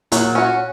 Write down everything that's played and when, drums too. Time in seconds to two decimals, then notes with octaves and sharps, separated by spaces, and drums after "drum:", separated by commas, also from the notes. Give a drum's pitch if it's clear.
0.12 A#2 F#3, drum: hi-hat
0.35 C#4 F#4